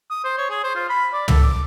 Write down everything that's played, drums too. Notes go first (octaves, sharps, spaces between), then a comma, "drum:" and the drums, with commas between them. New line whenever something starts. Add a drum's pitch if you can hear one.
D#6
C5
C#5
G#4
C5
F4
B5
D5
A4, drum: tom
D6